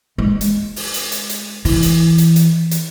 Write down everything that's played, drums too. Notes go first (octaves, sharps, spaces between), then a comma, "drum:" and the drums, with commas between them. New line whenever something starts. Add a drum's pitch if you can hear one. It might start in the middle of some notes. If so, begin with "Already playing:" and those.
G#3
drum: hi-hat
drum: open hi-hat
drum: hi-hat
drum: hi-hat
drum: hi-hat
E3, drum: open hi-hat
drum: hi-hat
drum: hi-hat
drum: hi-hat
drum: hi-hat